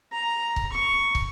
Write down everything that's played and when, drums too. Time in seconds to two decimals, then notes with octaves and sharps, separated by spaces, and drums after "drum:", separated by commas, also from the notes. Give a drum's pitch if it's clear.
0.12 A#5
0.56 drum: kick
0.72 C#6
1.15 drum: kick